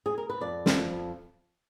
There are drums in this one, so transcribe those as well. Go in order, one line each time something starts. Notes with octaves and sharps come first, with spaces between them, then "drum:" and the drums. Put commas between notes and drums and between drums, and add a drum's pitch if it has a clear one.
G#4
A#4
B4
F2 D5
F3, drum: snare
F2